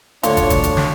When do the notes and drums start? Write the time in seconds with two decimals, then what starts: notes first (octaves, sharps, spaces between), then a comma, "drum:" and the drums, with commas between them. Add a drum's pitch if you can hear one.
0.23 D2 A2 D4 F4 C#5, drum: hi-hat
0.37 drum: kick, hi-hat
0.50 drum: kick, hi-hat
0.64 drum: hi-hat
0.77 drum: snare